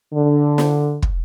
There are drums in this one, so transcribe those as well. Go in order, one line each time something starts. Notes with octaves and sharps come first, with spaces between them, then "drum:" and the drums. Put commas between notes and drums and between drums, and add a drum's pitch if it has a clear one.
D3
drum: snare
drum: kick